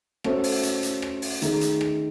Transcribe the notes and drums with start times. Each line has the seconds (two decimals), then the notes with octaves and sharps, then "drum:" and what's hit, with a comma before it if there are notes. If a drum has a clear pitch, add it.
0.24 A3 C#4 F#4 A4 C5, drum: rim click
0.44 drum: open hi-hat
0.63 drum: hi-hat
0.83 drum: hi-hat
1.02 drum: rim click
1.22 drum: open hi-hat
1.42 D#3 A3 D#4 G#4, drum: hi-hat
1.61 drum: hi-hat
1.81 drum: rim click